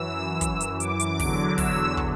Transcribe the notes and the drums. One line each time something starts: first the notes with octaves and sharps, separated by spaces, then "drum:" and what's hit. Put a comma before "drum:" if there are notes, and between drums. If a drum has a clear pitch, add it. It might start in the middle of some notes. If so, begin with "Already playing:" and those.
Already playing: F#2 E3 E6
drum: kick, hi-hat
drum: hi-hat
D6, drum: hi-hat
drum: hi-hat
E2 D3 F#3, drum: kick, open hi-hat
E6, drum: kick, open hi-hat
drum: kick